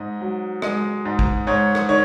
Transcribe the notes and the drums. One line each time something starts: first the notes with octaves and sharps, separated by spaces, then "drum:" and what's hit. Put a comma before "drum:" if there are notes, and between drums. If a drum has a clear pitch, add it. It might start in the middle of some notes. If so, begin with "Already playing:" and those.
Already playing: G#2 D#5
F#3
G#3, drum: rim click
G#2
drum: kick
G#2 C#5
drum: rim click
D#3 C#5